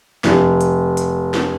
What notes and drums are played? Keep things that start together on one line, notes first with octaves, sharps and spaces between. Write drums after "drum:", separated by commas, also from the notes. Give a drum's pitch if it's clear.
F1, drum: snare
drum: hi-hat
drum: hi-hat
drum: snare